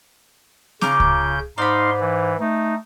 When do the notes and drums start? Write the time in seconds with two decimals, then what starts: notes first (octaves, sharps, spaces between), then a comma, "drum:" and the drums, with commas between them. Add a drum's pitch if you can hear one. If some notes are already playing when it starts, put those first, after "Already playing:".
0.81 C#3 F4 A#5 D6 G6, drum: snare C4
1.00 drum: kick C#2
1.58 G#2 D#4 D5 F5 B5 C6
1.99 E3
2.40 A3 D#4